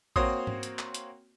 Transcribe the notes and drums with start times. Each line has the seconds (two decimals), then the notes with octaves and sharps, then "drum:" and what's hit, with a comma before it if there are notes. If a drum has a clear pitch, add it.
0.16 A#3 C4 F#4 C#5 C6 D#6, drum: kick A1
0.47 drum: tom G#2
0.63 drum: hi-hat
0.79 drum: clap
0.94 drum: hi-hat